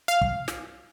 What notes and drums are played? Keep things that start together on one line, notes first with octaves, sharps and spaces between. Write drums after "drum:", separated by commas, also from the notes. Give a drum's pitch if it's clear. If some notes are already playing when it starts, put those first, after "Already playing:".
F5
drum: kick
drum: snare